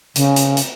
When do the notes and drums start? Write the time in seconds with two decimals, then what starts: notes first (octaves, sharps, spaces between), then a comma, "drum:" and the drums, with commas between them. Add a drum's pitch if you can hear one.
0.15 C#3, drum: hi-hat
0.36 drum: hi-hat
0.57 drum: hi-hat